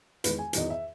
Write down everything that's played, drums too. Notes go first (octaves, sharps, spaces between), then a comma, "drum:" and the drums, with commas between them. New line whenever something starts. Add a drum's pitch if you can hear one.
E2 D#3 G#3 B4, drum: hi-hat
G#5
E2 D#3 F#3 D#5, drum: hi-hat
E5